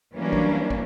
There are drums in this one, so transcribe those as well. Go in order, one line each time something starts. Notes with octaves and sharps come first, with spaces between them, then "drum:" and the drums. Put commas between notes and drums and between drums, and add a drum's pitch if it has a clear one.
E3 F#3 G3 A#3 C#4 D4
drum: kick
drum: kick